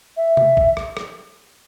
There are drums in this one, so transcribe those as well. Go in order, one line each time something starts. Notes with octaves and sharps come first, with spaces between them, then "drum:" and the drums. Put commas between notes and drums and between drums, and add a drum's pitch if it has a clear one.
E5
drum: tom C3
drum: kick
drum: rim click
drum: rim click